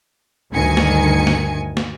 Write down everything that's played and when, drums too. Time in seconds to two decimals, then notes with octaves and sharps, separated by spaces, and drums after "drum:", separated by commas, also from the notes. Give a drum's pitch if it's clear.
0.52 D2 G2 D#3 G#5 C#7
0.77 drum: snare
1.27 drum: snare
1.77 drum: snare